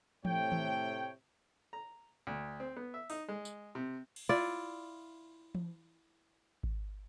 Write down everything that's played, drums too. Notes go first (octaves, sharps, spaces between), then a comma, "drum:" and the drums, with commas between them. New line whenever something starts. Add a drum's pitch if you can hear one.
A2 C3 A3 C#5 G5, drum: tom E3
drum: tom D#3
A#5
D2
C4
B3
E5
D#4, drum: open hi-hat
G#3
drum: tambourine
C3
drum: cymbal
E4 F4 D5
drum: tom E3
drum: kick G#1